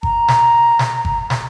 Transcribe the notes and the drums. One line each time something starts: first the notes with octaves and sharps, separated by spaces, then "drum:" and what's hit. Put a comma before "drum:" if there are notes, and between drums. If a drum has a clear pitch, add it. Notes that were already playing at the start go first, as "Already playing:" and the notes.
A#5, drum: kick G1
drum: snare
drum: snare
drum: kick G1
drum: snare